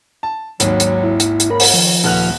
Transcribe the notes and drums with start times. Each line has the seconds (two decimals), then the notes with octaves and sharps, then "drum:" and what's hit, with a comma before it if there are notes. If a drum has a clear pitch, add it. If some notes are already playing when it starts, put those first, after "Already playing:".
0.23 A5
0.60 G#1 D#2 F#3, drum: hi-hat
0.80 drum: hi-hat
1.04 E4
1.20 drum: hi-hat
1.40 drum: hi-hat
1.50 C#3 A#4 B5
1.60 drum: open hi-hat
1.74 D#3 F3
2.04 D#1 A3 B4 F#5 F6 F#6